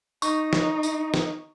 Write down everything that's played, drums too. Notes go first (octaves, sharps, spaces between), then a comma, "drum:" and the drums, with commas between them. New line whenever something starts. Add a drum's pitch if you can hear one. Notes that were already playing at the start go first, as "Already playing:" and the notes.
D#4 C#6, drum: tambourine
drum: snare
drum: tambourine
drum: snare